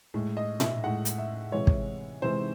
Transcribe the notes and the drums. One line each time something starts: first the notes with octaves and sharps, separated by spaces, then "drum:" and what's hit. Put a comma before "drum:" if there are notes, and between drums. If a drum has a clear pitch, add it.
A2 G#3
D#5
E5, drum: tom A#2
A2 G#3 F#5
drum: hi-hat
E5
C3 E3 G#3 C#5
drum: kick
C3 E3 G#3 C5